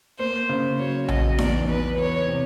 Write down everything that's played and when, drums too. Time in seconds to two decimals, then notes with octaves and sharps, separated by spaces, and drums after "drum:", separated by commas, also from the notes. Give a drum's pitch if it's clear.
0.19 A#3 C5
0.49 C#3
0.79 F#3 C#5
1.08 F#3 D#5, drum: tom A#1
1.39 E2 D5, drum: snare D#4
1.68 E2 B4
1.99 E2 C#5
2.28 C3